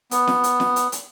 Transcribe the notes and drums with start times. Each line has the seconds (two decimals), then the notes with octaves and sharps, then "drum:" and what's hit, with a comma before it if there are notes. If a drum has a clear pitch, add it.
0.11 B3, drum: hi-hat
0.27 drum: snare
0.44 drum: hi-hat
0.60 drum: snare
0.76 drum: hi-hat
0.92 drum: hi-hat